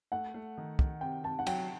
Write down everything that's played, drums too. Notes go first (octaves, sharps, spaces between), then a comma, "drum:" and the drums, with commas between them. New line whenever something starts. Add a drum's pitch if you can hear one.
A3 F#5
A3
D#3
D#3, drum: kick
C3 G5
C3 A5
F#5
F#3 G5, drum: cymbal